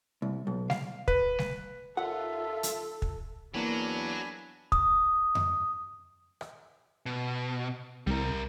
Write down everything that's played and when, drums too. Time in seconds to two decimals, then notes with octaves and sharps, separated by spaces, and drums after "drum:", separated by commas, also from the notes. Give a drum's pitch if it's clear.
0.22 C2
0.47 B1
0.70 F5, drum: snare G3
1.08 B4, drum: kick
1.39 drum: snare G3
1.97 D#2 F4 A4 E5 F#5
2.63 drum: hi-hat
3.02 drum: kick
3.54 E2 F#3 A#3 D4 G#5 B5
4.72 D#6, drum: kick
5.35 drum: tom F2
6.41 drum: rim click
7.06 B2
8.07 C2 G3 A#4